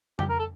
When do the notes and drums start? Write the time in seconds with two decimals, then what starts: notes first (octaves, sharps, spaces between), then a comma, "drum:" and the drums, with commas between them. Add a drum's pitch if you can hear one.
0.19 G4, drum: tom
0.29 A#4
0.39 A4